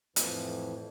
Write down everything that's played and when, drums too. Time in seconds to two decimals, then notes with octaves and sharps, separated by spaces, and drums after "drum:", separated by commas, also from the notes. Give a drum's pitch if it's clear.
0.16 F2 A2 E3 F3, drum: hi-hat